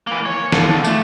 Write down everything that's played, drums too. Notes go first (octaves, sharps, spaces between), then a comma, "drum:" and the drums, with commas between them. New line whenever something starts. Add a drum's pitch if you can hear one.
E3 A#3
C#5
D3 F3, drum: snare
A3, drum: tambourine